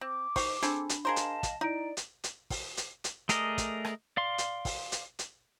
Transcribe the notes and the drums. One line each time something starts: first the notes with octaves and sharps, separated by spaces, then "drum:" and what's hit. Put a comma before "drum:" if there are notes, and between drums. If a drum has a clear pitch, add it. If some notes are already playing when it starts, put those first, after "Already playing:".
C4 D6
D#4 C5 C#6 C7 F7, drum: kick, open hi-hat
C4 D4 G#4 A4 B5, drum: hi-hat
drum: hi-hat
G#4 A#4 C5 D#5 F5 A5
drum: hi-hat
drum: kick, hi-hat
D#4 E4 D5 A#5 D7
drum: hi-hat
drum: hi-hat
drum: kick, open hi-hat
drum: hi-hat
drum: hi-hat
A3 G#4 A#4 D5 D#5, drum: hi-hat
drum: kick, hi-hat
drum: rim click
D5 F5 C6
drum: hi-hat
drum: kick, open hi-hat
drum: hi-hat
drum: hi-hat